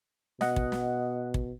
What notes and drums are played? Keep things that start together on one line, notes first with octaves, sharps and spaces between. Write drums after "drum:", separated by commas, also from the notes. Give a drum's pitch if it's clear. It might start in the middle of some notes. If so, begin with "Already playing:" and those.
B2 D#5 F#5, drum: snare
drum: kick
drum: snare
drum: kick